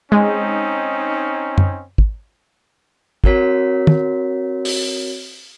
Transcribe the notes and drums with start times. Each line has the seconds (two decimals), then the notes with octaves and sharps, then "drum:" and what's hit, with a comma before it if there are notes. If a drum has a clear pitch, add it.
0.12 G#3 C4 C#4 D#4
1.58 drum: tom F#2
1.98 drum: kick
3.24 C4 F#4 A#4 C#5 B6, drum: kick
3.87 drum: tom
4.65 drum: open hi-hat